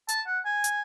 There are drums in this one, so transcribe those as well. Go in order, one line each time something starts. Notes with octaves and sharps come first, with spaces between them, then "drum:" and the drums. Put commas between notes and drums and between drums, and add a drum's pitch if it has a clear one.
A5, drum: hi-hat
F#5
G#5
drum: hi-hat